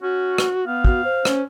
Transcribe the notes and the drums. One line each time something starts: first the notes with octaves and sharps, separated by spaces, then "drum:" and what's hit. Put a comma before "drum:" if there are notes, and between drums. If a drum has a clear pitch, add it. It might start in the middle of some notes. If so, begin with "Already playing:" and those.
C#4 F#4
drum: rim click
B3 F5
F#4, drum: kick
C5
C#4, drum: rim click